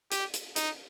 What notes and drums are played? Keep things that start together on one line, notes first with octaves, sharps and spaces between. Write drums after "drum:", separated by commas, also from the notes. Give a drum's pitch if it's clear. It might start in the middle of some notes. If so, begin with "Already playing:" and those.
G4, drum: hi-hat
drum: hi-hat
D#4, drum: hi-hat